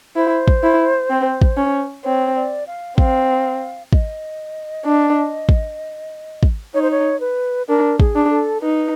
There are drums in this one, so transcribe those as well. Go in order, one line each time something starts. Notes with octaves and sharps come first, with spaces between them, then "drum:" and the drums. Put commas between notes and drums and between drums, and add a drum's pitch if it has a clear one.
E4 C5
drum: kick
E4
C4
drum: kick
C#4
C4 C#5
D5
F5
C4 F5, drum: kick
D#5, drum: kick
D4
drum: kick
drum: kick
D#4 C#5
C5
C#5
B4
D4 A#4
G#4, drum: kick
D4
A4
D#4 B4